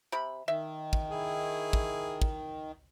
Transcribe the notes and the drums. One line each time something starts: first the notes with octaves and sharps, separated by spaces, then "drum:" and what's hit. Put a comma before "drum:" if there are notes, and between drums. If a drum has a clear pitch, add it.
C3 B5
D#3 E5
drum: kick
E4 G#4
drum: kick
drum: kick